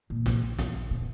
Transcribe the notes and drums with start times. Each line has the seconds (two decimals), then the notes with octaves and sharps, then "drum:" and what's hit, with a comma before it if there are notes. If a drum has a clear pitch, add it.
0.10 A#2
0.26 drum: kick, hi-hat
0.59 drum: kick, hi-hat
0.91 B2